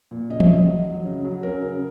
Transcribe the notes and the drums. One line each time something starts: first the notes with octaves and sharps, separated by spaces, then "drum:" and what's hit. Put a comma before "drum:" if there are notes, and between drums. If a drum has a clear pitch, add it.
A#2
C#3 D#5
E5, drum: tom E3
C#3 D#5
F#3
F#3
C#3
F#3
C#4 A#4
C#3